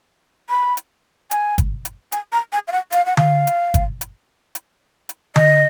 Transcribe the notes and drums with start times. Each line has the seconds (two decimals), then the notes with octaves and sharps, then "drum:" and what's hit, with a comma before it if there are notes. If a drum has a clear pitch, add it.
0.50 B5
0.77 drum: hi-hat
1.31 G#5, drum: hi-hat
1.58 drum: kick G1, hi-hat
1.85 drum: hi-hat
2.12 G#5, drum: hi-hat
2.32 A#5
2.53 G#5
2.68 F5
2.72 F#5
2.92 F5, drum: hi-hat
3.06 F#5
3.17 F5, drum: tom D3
3.47 drum: hi-hat
3.74 drum: kick G1, hi-hat
4.01 drum: hi-hat
4.55 drum: hi-hat
5.09 drum: hi-hat
5.36 D#5, drum: tom D3